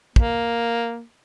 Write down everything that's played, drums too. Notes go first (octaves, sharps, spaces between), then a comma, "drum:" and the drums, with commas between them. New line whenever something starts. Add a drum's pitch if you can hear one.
A#3, drum: kick